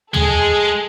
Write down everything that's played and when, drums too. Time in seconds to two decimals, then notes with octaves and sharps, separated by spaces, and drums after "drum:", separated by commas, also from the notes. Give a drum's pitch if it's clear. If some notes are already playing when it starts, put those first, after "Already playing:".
0.14 G#3 G#4 A4, drum: tom